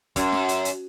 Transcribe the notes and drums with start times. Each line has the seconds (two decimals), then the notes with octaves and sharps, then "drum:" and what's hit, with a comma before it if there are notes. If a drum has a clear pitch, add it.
0.16 F#2, drum: kick, hi-hat
0.32 drum: snare
0.49 drum: hi-hat
0.65 drum: hi-hat